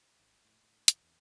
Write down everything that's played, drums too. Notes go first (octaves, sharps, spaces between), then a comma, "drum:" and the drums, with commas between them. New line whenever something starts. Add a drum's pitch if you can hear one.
G#1
A2
A2
E1, drum: hi-hat
E2